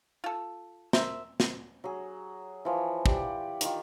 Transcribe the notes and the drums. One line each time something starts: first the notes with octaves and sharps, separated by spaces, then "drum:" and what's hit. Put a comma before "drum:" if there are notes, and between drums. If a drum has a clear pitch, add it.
F4 A4
A#4 C5 E5, drum: snare
drum: snare
F#3 G#4
E3 F3 C#5
G4 D5 F#5, drum: kick
D#3 F4, drum: hi-hat